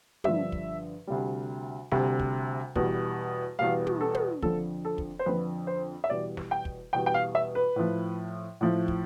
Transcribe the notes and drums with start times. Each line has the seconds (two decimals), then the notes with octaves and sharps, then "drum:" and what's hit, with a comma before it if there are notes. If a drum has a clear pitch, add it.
0.24 G2 D3 F3 E5, drum: tom
0.52 drum: kick
1.07 D2 C3 G3
1.92 D2 C3 G3, drum: snare
2.19 drum: kick
2.75 E2 B2 G3, drum: kick
3.59 E2 B2 G3 F5
3.87 drum: tom
4.01 A4
4.14 drum: tom
4.42 F2 D3 F3 A4, drum: kick
4.85 A4
4.98 drum: kick
5.19 C5
5.26 F2 D3 F3 B4
5.67 C5
6.04 E5
6.10 E2 B2 G3 D5
6.37 drum: snare
6.51 G5
6.65 drum: kick
6.93 E2 B2 G3 G5
7.06 G5
7.14 F5
7.35 E5
7.55 B4
7.76 A2 F3
8.61 A2 F3
8.88 drum: kick